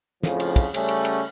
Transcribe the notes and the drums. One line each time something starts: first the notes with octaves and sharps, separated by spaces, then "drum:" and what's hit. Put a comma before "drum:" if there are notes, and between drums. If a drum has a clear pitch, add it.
F2 A2 C#3 F3, drum: snare
drum: cymbal
drum: kick, cymbal
C#3 G3 A3 C#4, drum: cymbal
drum: cymbal
drum: cymbal